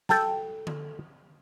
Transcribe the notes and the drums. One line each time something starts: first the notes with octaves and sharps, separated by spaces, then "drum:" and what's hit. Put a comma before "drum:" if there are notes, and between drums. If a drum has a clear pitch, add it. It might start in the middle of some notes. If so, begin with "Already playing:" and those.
A4 G5 A5, drum: snare
drum: tom D3